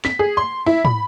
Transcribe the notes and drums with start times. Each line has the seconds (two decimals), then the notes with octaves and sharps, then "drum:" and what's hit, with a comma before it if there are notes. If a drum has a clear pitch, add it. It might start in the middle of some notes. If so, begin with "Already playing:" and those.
0.05 B6, drum: snare
0.19 G#4
0.37 C6
0.66 E4
0.85 B5, drum: tom